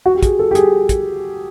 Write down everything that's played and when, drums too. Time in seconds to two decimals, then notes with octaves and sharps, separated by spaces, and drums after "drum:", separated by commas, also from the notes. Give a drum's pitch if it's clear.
0.06 F#4
0.15 G4
0.23 G#4, drum: kick, hi-hat
0.39 A4
0.51 G4
0.55 G#4, drum: hi-hat
0.89 drum: kick, hi-hat